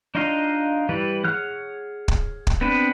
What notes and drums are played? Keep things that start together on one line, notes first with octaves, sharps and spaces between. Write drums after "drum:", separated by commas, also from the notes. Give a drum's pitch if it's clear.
D4 D#4 F4 D#5 F5
E3 G3 B4
G#4 C#5 F#5 F6 F#6
drum: kick
drum: kick
B3 C4 D4 B4